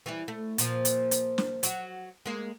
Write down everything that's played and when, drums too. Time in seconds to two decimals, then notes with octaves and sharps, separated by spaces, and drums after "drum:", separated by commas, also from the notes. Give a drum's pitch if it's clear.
0.06 E3 G3 E4
0.28 A3
0.58 A#2 F3, drum: hi-hat
0.85 drum: hi-hat
1.11 drum: hi-hat
1.38 drum: snare
1.63 F#3 F#4, drum: hi-hat
2.26 G#3 A#3